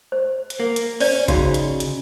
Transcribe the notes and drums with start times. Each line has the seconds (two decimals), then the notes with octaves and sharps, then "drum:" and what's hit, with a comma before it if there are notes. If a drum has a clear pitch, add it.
0.12 C5
0.50 drum: hi-hat
0.60 A#3
0.76 drum: hi-hat
1.00 C#4 C5 D5, drum: open hi-hat
1.28 C#3 D#4 F#4 F5, drum: kick, hi-hat
1.54 drum: hi-hat
1.80 drum: hi-hat